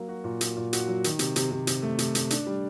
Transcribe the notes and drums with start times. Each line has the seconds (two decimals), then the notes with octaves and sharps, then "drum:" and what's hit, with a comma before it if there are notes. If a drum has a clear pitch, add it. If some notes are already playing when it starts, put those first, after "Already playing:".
Already playing: F#3 A#3
0.08 F#4
0.24 A#2
0.41 F#4, drum: hi-hat
0.57 A#2
0.73 F#4, drum: hi-hat
0.87 F#3
1.04 D#3, drum: hi-hat
1.19 C3, drum: hi-hat
1.36 C3, drum: hi-hat
1.51 C3
1.67 C3, drum: hi-hat
1.82 A3
1.99 C3, drum: hi-hat
2.15 A3, drum: hi-hat
2.30 D4, drum: hi-hat
2.47 G3